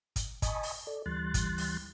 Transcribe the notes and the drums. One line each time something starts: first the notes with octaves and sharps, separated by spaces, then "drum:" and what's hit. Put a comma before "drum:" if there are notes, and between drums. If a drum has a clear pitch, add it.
drum: kick, hi-hat
D#5 G#5 A5 B5 C#6 D#6, drum: kick, hi-hat
drum: open hi-hat
A4 D5
D2 E3 G3 C6 F#6 A6
drum: kick, hi-hat
drum: open hi-hat